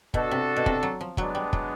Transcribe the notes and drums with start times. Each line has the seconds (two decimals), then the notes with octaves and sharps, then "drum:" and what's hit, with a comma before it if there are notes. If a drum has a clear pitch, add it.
0.14 B2 D4 F#4 A4, drum: kick
0.31 C3
0.56 B2
0.66 C3, drum: kick
0.83 F#3
1.01 F3
1.17 F#3 G#3 B3 D4, drum: kick
1.35 G3
1.53 F#3, drum: kick